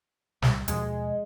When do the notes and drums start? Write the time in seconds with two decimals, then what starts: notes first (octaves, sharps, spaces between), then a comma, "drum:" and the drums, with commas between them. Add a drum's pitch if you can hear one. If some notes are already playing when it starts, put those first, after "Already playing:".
0.42 C2 G3, drum: snare
0.68 D#2 B2 F3 G#3, drum: hi-hat